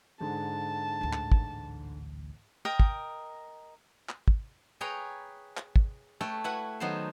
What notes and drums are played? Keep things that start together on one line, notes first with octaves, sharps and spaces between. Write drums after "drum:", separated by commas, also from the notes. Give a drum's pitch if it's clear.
G#2 D3 G#3 A5
A1 D2
drum: clap
drum: kick
A#4 D#5 G5
drum: kick
drum: clap
drum: kick
G#4 B4 C#5 G5 A#5
drum: clap
drum: kick
A3 A4 B4 C#5 G5
E4 F#4 B4 F#5
D#3 F#3 B3 A4 C5